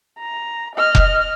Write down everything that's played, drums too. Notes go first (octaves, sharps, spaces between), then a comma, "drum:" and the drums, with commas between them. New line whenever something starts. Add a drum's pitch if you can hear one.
A#5
D#5 F6
drum: kick F1